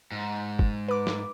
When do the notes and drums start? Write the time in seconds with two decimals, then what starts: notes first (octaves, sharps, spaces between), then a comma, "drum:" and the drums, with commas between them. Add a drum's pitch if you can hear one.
0.12 G#2
0.59 drum: kick F#1
0.88 B4 D6
1.07 drum: snare